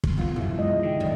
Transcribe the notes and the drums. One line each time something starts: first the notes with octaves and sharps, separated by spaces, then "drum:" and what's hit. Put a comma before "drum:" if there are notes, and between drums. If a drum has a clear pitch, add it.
drum: kick
G1 F2 B3 F4
F#2 B2 E3 F#3 E4 F4 E5
G#3 D#5
D3 D#4 G5
B1 F#2 A2 D3 D#3 D5 E5